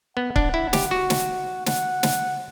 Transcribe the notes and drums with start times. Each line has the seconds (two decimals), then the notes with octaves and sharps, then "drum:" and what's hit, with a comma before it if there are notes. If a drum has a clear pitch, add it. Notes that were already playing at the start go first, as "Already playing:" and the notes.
0.17 B3 F#5
0.36 D4, drum: kick C#1
0.54 E4
0.73 G4, drum: snare
0.91 F#4
1.10 drum: snare
1.66 F#5, drum: snare
2.03 drum: snare